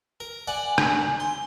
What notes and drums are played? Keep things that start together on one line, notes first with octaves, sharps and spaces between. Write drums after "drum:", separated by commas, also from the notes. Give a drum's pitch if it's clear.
A#4
D5 F#5 G#5 D6
drum: rim click
C6